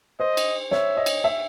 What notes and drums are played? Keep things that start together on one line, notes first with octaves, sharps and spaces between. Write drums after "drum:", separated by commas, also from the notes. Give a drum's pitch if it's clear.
C5 D#5
drum: cymbal
C#5 E5, drum: snare
D#5
drum: cymbal
E5